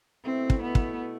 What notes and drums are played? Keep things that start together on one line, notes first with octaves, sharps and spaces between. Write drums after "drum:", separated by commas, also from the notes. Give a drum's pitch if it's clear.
B2 A3 C4 E4
drum: kick
B3
drum: kick